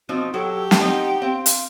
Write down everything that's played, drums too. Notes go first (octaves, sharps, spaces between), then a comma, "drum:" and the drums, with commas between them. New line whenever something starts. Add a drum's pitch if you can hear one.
F3 C4 D#4 F#4
F#3 G4 A4
drum: snare
C4 D#4 F#5
C4 F5
drum: hi-hat